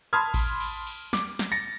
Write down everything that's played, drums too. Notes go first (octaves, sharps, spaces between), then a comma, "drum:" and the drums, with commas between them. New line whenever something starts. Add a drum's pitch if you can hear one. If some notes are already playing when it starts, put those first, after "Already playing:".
A5 B5 C6 D#6 F6 G#6
drum: kick A1, cymbal
drum: cymbal
drum: cymbal
D6, drum: snare
drum: snare
A6 A#6 C#7